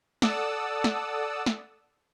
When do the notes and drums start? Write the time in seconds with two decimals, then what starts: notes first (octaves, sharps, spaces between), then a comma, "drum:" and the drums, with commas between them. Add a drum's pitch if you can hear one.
0.22 A4 D5 F#5 A5 D#6 E6, drum: snare
0.84 drum: snare
1.46 drum: snare